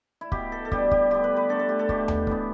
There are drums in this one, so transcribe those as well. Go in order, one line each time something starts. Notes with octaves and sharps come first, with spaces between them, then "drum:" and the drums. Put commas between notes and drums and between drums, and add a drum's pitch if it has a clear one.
E4
B2 B3 G4, drum: kick
A4
A4
G2 G3 B3 G4, drum: kick
G4, drum: kick
D3 B3 G4
B4
B4
D3 A3 A4
A4
G4
A4
B2 A3 G4, drum: kick
drum: tom D#2
A2 E3 B3, drum: kick